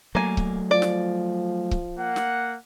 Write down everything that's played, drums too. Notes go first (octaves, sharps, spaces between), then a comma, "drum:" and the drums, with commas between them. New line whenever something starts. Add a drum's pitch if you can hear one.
F#3 A3 A#3 G#5
drum: kick C#1
F3 D5
drum: snare
drum: kick C#1
A#3 F#5
drum: snare